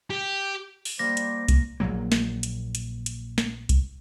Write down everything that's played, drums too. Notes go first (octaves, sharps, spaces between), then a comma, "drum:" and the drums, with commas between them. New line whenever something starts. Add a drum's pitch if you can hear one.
G4
drum: open hi-hat
G3 A#3 C5 D6 A#6
drum: hi-hat
drum: kick C2, hi-hat
A#1 A#2 F#3 A#3
drum: snare
drum: hi-hat
drum: hi-hat
drum: hi-hat
drum: snare
drum: kick C2, hi-hat